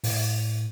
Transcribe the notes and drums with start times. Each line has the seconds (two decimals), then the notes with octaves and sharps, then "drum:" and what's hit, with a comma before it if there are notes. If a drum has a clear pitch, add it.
0.04 A2, drum: open hi-hat